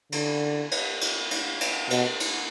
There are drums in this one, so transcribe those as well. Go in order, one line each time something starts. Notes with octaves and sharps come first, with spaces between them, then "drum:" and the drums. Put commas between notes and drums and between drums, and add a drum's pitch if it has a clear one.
D3, drum: cymbal
drum: cymbal
drum: cymbal
drum: cymbal
drum: cymbal
B2, drum: cymbal
drum: cymbal